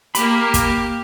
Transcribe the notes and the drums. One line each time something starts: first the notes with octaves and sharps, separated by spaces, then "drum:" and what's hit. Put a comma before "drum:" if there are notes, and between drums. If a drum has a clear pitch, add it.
A#3 G4 B5, drum: hi-hat
drum: kick, hi-hat